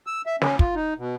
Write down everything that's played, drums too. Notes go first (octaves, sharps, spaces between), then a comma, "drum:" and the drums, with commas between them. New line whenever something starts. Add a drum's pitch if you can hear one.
E6
E5
C#4, drum: snare
F4, drum: kick
D#4
B2